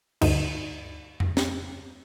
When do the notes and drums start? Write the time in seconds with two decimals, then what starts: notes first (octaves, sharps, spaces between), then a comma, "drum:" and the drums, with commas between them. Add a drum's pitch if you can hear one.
0.21 D2 G2 D#4, drum: cymbal
1.20 drum: tom F2
1.37 drum: snare